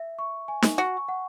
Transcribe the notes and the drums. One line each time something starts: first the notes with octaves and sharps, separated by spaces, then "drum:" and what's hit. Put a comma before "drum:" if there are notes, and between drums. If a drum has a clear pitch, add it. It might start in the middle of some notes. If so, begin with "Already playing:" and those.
Already playing: E5
C#6
G#5
drum: snare
F#4 C#6
F#5